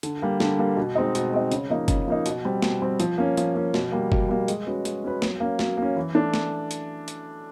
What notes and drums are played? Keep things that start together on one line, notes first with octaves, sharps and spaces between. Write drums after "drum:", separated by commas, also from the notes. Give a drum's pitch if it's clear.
D3, drum: hi-hat
G3 A#3
D3, drum: snare
G3 A#3
B2
G#3 C4 D#4
B2, drum: hi-hat
G#3 C4 D#4
C#3, drum: hi-hat
F3 A#3 D#4
C#3, drum: kick F#1, hi-hat
F3 A#3 D#4
B2, drum: hi-hat
G3 C4
B2, drum: snare
G3 C4
F3, drum: hi-hat
A#3 C#4
F3, drum: hi-hat
A#3 C#4
B2, drum: snare
G3 A#3
B2, drum: kick F#1
G3 A#3
G#3, drum: hi-hat
C#4 F#4 B4
G#3, drum: hi-hat
C#4 F#4 B4
F#3, drum: snare
A#3 C#4
F#3, drum: snare
A#3 C#4
E3
A3 D4
drum: snare
drum: hi-hat
drum: hi-hat